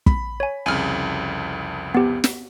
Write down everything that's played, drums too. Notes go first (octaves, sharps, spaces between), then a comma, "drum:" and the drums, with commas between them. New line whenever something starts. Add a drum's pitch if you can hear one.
B5, drum: kick
C#5 G#5
C2 F2 C#3 G#5 F6
B3 G4
drum: snare